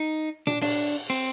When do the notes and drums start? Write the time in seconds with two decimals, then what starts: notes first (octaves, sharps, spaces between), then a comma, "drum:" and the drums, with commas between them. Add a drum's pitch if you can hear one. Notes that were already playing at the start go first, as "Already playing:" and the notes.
Already playing: D#4
0.47 D4, drum: tom A#2
0.62 D4, drum: cymbal
1.10 C4